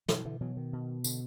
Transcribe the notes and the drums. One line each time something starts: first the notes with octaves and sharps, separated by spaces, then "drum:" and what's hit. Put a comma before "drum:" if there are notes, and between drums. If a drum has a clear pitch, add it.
B2 E3 F#3, drum: snare
D3 E3
B2 E3 F#3
D#3
B2
B2 D3, drum: tambourine